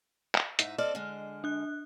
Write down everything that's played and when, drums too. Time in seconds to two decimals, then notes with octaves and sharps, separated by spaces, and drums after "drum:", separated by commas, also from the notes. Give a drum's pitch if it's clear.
0.35 drum: clap
0.59 G#2 D#4 E5, drum: hi-hat
0.78 C4 A4 D5 D#5 F6
0.95 D3 G#3
1.44 D4 F#6